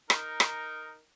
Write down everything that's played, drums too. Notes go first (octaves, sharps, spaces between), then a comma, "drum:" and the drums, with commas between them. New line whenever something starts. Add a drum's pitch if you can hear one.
D#4 A#4, drum: rim click
drum: rim click